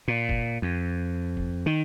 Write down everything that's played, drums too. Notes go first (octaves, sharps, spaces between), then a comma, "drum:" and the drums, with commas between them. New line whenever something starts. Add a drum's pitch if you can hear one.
A#2
drum: kick
F2
drum: kick
D#3